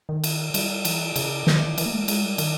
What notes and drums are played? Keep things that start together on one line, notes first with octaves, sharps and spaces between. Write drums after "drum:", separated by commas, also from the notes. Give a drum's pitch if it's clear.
D#3
drum: cymbal
G3, drum: cymbal
E3, drum: cymbal
C#3, drum: cymbal
D#3, drum: snare
E3, drum: cymbal
A#3
G#3
G#3, drum: cymbal
G3
D#3, drum: cymbal